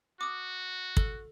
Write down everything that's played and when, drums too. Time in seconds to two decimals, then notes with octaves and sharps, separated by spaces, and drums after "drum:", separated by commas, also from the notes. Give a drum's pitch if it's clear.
0.21 F#4 D6 D#6
0.97 A4, drum: kick